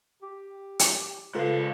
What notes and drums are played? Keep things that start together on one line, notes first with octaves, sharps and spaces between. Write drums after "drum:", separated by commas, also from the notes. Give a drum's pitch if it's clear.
G4
drum: hi-hat
G#2 C#3 F4 A4 B4 F5